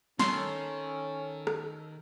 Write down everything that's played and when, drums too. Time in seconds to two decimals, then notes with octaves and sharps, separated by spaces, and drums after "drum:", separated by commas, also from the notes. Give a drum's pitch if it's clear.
0.19 D#3 C#4 A4 A#4 C#5 C6, drum: snare
1.47 drum: rim click